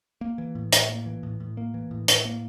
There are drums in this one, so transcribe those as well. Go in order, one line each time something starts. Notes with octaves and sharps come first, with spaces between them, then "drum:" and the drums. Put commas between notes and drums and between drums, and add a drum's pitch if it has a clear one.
A#3
E3
A2
A2, drum: hi-hat
A#3
E3
A2
A2
A#3
E3
A2
A2, drum: hi-hat
A#3